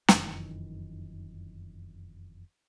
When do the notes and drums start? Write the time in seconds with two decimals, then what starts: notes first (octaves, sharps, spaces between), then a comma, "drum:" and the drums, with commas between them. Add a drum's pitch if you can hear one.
0.08 F1 F#2 D#3 E3, drum: snare